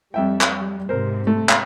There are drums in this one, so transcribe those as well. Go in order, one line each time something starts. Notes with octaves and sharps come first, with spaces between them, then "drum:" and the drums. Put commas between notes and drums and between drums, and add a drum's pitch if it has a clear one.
F2 G3 E5 G5
drum: clap
G#2 C3 A#4 C5
A3
drum: clap